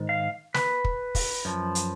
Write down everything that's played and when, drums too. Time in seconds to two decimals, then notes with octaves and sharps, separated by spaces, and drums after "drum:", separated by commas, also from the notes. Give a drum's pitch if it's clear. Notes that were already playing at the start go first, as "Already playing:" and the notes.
Already playing: G#2 D#3
0.09 F5
0.54 B4, drum: snare
0.85 drum: kick
1.15 drum: kick, open hi-hat
1.45 F#2 F3
1.75 drum: hi-hat